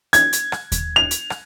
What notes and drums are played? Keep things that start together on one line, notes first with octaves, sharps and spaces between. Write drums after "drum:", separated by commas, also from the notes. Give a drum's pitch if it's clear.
G#6, drum: hi-hat
drum: hi-hat
drum: rim click
drum: kick D#2, hi-hat
F7
drum: hi-hat
drum: rim click